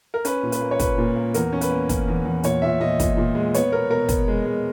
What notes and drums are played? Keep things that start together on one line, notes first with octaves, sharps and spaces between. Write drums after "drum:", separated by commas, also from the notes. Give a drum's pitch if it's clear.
A#4
C#4 B4, drum: hi-hat
A#2
B4, drum: hi-hat
A#3
C#5
C#4 B4, drum: kick, hi-hat
A#2
A#3
E2 A#4, drum: hi-hat
C#4
B4, drum: hi-hat
A#3
C#4, drum: kick, hi-hat
E2
E2
A#2 C#5, drum: hi-hat
A#2 E5
A#2 D#5
A#2, drum: kick, hi-hat
A#2
G#3
B3 C#5, drum: hi-hat
B2 A#4
B2 A#4
B3, drum: kick, hi-hat
G#3
G#3